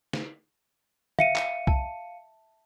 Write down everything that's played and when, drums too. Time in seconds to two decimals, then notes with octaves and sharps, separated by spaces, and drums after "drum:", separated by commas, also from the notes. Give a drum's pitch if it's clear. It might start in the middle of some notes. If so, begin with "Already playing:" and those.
0.13 drum: snare
1.19 E5 F5 C#7 D#7, drum: tom
1.36 drum: clap
1.67 A5, drum: kick B1